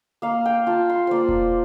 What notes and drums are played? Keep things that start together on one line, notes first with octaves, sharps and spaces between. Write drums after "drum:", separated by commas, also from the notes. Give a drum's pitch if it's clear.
A#3 F5
G5
F4 A5
C6
A#3 C5 D5
drum: kick E1